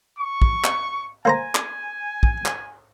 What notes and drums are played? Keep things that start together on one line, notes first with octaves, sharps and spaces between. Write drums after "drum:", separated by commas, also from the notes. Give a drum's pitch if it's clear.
C#6
drum: kick
drum: clap
A#3 C5 G#5 A#5
drum: clap
drum: kick
drum: clap